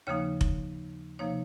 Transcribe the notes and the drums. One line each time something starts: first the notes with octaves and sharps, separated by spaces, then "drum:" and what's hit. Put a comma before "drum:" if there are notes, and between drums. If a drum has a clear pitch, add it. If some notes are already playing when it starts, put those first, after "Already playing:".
D#2 C#3 F3 A#3 D#4 C#5
drum: kick F1
C3 F3 A#3 D#4 C#5